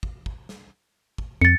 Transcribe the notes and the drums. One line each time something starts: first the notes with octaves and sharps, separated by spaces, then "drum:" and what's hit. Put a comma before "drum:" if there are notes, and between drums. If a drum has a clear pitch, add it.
drum: kick
drum: kick
drum: snare
drum: kick
F2 A6 C#7